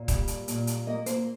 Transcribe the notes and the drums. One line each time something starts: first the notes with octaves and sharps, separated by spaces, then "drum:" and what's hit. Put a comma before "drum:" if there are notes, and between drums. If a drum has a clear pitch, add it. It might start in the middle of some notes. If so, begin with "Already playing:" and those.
Already playing: A#2
G3, drum: kick D#1, hi-hat
drum: hi-hat
A#2, drum: hi-hat
drum: hi-hat
A#3 D#5
C5, drum: hi-hat